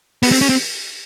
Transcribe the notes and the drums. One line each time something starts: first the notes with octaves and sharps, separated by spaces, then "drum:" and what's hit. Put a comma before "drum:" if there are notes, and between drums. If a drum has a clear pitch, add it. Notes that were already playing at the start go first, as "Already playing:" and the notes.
B3, drum: open hi-hat
C4
C#4
C4